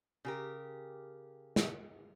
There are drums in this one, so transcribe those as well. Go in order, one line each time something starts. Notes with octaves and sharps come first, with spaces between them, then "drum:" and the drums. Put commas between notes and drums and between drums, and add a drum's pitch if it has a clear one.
C#3 G4 A#4
drum: snare